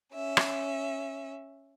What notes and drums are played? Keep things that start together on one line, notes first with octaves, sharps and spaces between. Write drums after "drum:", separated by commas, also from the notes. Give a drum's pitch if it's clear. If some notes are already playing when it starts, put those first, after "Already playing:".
C#4 E5
drum: rim click